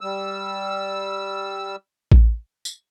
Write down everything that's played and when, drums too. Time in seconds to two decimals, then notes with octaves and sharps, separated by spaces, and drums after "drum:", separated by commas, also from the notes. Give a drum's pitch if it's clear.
0.01 G3 E6
2.12 drum: kick A1
2.65 drum: tambourine